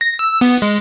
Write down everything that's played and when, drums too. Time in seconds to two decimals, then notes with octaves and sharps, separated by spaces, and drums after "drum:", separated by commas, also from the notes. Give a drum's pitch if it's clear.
0.01 A#6
0.19 E6
0.41 B3, drum: open hi-hat
0.62 G#3